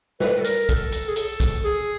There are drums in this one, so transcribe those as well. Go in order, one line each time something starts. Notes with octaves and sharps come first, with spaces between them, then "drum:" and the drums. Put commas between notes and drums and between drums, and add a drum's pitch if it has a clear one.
B4, drum: snare
A4
A#4, drum: hi-hat
A4, drum: kick, hi-hat
drum: hi-hat
G#4
A4, drum: hi-hat
drum: kick, hi-hat
G#4